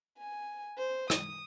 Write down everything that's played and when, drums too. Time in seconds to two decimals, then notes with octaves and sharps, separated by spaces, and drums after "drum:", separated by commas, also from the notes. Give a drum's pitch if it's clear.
0.18 G#5
0.78 C5
1.10 D#6, drum: rim click